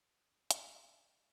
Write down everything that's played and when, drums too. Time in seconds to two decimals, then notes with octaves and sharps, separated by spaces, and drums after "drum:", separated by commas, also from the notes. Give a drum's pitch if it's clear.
0.03 D#6 F6
0.51 drum: hi-hat